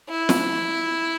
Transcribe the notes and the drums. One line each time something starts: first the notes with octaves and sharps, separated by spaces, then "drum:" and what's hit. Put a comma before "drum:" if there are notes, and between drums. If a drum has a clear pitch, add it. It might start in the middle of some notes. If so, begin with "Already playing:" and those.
E4
drum: snare